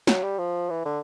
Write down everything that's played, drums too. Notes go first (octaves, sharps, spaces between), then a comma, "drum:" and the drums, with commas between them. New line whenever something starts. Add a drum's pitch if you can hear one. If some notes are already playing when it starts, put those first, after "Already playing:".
F#3, drum: snare
G3
F3
E3
D3